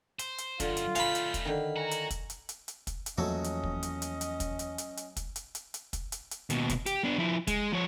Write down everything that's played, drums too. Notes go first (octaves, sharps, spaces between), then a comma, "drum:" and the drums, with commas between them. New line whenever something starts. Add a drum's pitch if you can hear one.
C5, drum: hi-hat
drum: hi-hat
F#2 D3 F4, drum: kick, hi-hat
drum: hi-hat
A3 D#4 F5 G#5 B5, drum: hi-hat
drum: hi-hat
drum: kick, hi-hat
D3 D#3
F#4 G#5 A#5
drum: hi-hat
drum: kick, hi-hat
drum: hi-hat
drum: hi-hat
drum: hi-hat
drum: kick, hi-hat
drum: hi-hat
E2 F3 F#3 A3 A#3 C#4 F#4 D#5
drum: hi-hat
drum: kick
drum: hi-hat
drum: hi-hat
drum: hi-hat
drum: kick, hi-hat
drum: hi-hat
drum: hi-hat
drum: hi-hat
drum: kick, hi-hat
drum: hi-hat
drum: hi-hat
drum: hi-hat
drum: kick, hi-hat
drum: hi-hat
drum: hi-hat
D#2 B2, drum: hi-hat
drum: kick, hi-hat
G4, drum: hi-hat
B3 D4
F3 E4
G#3, drum: kick, hi-hat
F3 C#5